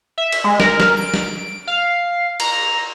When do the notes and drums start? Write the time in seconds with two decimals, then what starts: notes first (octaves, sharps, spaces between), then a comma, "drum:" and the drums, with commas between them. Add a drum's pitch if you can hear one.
0.18 E5
0.32 drum: cymbal
0.44 G#3
0.60 A#4, drum: snare
0.80 drum: snare
0.97 D7
1.14 drum: snare
1.67 F5
2.40 A#5, drum: cymbal